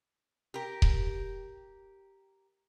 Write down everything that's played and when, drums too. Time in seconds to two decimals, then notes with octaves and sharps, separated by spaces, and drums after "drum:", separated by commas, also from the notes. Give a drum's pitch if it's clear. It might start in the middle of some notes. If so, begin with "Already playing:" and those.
0.54 G4 A#4
0.82 drum: kick D#1